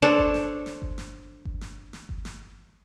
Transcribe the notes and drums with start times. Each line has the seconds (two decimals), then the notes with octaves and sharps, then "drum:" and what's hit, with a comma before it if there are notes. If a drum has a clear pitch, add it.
0.02 D4 A4 C5 C#5
0.18 drum: kick G1
0.34 drum: snare
0.66 drum: snare
0.82 drum: kick G1
0.98 drum: snare
1.45 drum: kick G1
1.61 drum: snare
1.93 drum: snare
2.09 drum: kick G1
2.25 drum: snare